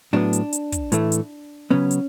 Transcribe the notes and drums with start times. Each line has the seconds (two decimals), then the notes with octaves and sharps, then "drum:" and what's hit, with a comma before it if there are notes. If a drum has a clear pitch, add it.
0.13 A2 F#3 B3 D4
0.33 drum: hi-hat
0.53 drum: hi-hat
0.72 drum: kick, hi-hat
0.92 A2 E3 A3, drum: hi-hat
1.12 drum: hi-hat
1.70 C#3 F#3 B3 C#4
1.91 drum: hi-hat